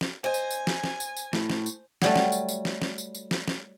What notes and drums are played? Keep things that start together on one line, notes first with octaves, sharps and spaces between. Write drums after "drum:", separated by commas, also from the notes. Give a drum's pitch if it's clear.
drum: snare
C5 D#5 G#5
drum: tambourine
drum: tambourine
drum: snare
drum: snare
drum: tambourine
drum: tambourine
A2, drum: snare
drum: snare
drum: tambourine
F#3 G3 A3, drum: snare
drum: snare
drum: tambourine
drum: tambourine
drum: snare
drum: snare
drum: tambourine
drum: tambourine
drum: snare
drum: snare